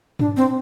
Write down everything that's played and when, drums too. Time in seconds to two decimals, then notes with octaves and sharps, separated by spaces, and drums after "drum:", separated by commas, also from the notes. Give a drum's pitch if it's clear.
0.19 D4, drum: tom G2
0.37 C4